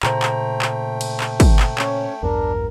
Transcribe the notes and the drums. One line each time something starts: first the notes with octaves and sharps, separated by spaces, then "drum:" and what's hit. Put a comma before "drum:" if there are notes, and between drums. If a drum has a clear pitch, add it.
A#2 C#3 A3 C5 G5 A#5, drum: clap
drum: clap
drum: clap
drum: cymbal
drum: clap
drum: kick, cymbal
drum: clap
C#4 C#5, drum: clap
A#1 E2 G2 D4 A#4